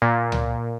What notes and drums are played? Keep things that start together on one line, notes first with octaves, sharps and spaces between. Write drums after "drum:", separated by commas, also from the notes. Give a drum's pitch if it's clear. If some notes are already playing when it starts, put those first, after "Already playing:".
A#2
drum: tom C#2